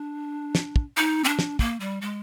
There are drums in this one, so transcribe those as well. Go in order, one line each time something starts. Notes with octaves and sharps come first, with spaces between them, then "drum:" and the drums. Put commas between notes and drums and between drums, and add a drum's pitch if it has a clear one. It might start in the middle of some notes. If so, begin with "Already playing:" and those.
Already playing: D4
drum: snare
drum: kick
D#4
C4
D4
drum: snare
A#3, drum: kick
G3
G#3